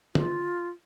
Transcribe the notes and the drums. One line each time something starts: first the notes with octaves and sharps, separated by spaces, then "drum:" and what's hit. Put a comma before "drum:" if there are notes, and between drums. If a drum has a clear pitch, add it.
F4, drum: tom